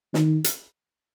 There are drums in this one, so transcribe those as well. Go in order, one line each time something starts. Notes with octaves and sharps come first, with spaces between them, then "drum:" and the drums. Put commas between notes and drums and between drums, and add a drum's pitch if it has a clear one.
D#3, drum: snare
drum: hi-hat